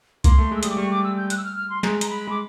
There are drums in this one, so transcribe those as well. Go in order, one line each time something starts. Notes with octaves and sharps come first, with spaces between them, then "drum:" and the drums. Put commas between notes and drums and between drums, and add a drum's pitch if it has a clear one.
A#3 C6, drum: kick C2, hi-hat
A3
G#3
E6
G3 D#6, drum: hi-hat
D6
G3 C#6
D6
E6
G6
F#6, drum: hi-hat
E6
F6
F6
C6
G#3 A#5, drum: snare
A#5, drum: hi-hat
B5
G#3 D6